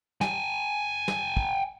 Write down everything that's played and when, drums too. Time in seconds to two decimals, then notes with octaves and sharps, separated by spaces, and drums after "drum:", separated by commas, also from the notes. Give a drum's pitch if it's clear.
0.21 G5 G#5, drum: snare
1.08 drum: snare
1.37 drum: kick